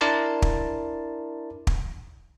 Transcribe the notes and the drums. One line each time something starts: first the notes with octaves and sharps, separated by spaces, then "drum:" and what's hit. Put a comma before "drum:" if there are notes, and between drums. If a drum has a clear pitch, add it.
D4 E4 A#4 D5 A5 C6
drum: kick
drum: kick